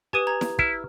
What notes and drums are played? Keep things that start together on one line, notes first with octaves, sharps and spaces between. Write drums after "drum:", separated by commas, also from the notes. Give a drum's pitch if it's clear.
G4 B4 G#5 D#6
A#5 G#6
drum: snare E4
E4 F6, drum: kick